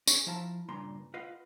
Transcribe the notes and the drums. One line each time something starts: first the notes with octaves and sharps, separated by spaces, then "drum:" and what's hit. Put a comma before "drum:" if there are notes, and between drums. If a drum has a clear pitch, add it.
C#4 G#4, drum: tambourine
F3 E4 F5 A5 A#5
G2 A#2 C#3 A#5 C6
F4 B4 D#5 F5 F#5